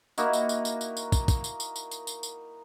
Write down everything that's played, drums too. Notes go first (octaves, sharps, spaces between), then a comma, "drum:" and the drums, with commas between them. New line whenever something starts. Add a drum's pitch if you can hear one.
A#3 D#4 E4 F#4, drum: tambourine
drum: tambourine
drum: tambourine
drum: tambourine
drum: tambourine
drum: tambourine
drum: kick, tambourine
drum: kick, tambourine
drum: tambourine
drum: tambourine
drum: tambourine
drum: tambourine
drum: tambourine
drum: tambourine